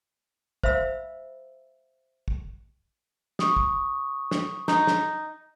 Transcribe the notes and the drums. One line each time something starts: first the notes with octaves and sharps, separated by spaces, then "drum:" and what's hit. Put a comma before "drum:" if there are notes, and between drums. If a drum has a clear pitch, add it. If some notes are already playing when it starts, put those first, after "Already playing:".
C5 E5 F5 B5 E6, drum: kick
drum: kick
C#6 D#6, drum: snare
drum: kick
drum: snare
D#4, drum: snare
drum: snare